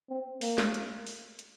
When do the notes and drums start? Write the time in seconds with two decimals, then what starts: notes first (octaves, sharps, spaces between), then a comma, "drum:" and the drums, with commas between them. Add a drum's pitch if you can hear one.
0.10 C4
0.41 A#3, drum: open hi-hat
0.58 drum: snare
0.74 drum: hi-hat
1.07 drum: open hi-hat
1.39 drum: hi-hat